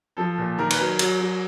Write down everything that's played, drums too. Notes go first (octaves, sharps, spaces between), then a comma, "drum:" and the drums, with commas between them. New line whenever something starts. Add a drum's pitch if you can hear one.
F3 A4
A#2
D#3 A#4
B4, drum: cymbal
F#3 A#4
F#3, drum: cymbal
F#3